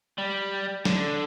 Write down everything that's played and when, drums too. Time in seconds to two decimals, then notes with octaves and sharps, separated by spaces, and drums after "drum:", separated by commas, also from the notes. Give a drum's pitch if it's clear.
0.18 G3
0.85 D3, drum: snare